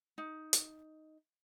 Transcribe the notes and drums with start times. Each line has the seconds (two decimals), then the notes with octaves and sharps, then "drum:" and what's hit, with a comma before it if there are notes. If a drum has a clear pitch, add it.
0.18 D#4
0.53 drum: hi-hat